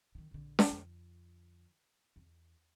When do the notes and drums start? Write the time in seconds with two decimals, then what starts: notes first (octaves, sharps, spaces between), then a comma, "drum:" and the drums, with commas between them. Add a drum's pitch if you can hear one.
0.15 D3 D#3
0.31 A#1 D3
0.59 drum: snare
0.70 F2 D3
2.16 E2